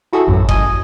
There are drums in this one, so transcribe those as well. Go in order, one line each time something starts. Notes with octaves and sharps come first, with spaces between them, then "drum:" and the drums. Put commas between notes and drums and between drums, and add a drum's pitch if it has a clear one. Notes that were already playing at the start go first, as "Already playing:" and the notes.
E4 F#4 G#4 A4 E5
A1 F#2 A2
D#5 G#5, drum: kick F#1